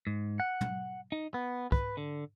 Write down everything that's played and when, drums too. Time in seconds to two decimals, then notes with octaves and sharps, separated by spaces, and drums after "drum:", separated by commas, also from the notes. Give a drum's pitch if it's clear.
0.07 G#2
0.40 F#5
0.61 drum: tom
1.12 D#4
1.34 B3
1.72 B4, drum: kick
1.97 D3